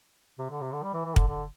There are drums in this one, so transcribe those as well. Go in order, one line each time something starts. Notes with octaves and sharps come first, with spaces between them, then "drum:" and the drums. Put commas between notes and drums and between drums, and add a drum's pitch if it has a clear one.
C3
D3
C3
D3
G3
E3
E3
D3, drum: kick
D3